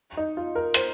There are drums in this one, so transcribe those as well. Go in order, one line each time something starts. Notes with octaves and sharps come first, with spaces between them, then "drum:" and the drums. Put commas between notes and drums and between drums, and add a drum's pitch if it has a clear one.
D#4
F4
A#4
C5, drum: hi-hat